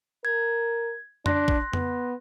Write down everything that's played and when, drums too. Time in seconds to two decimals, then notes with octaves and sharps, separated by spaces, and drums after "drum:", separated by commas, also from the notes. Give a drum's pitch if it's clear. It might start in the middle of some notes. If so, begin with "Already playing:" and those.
0.25 A#4 G#6
1.26 D4 C6 F#6 A#6, drum: tom F2
1.48 drum: kick
1.73 B3, drum: tom F2